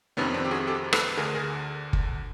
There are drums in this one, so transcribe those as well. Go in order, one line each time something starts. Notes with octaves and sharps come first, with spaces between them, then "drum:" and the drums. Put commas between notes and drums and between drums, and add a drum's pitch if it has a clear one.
F2 C3 D#3 B3 C#4
C4 D4
G4
F#4 G#4
G4 A4
A4 B4, drum: rim click
D2 D3 G#4 A#4
G#4 A#4
drum: kick